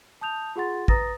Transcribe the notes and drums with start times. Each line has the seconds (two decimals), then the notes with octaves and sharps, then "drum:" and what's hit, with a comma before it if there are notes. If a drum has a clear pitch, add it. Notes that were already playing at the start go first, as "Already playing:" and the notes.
0.21 A5 D#6 G6 F7
0.56 F4 G#4 F#5 C6 A6
0.88 B4 A#5 D#6 A6 A#6, drum: kick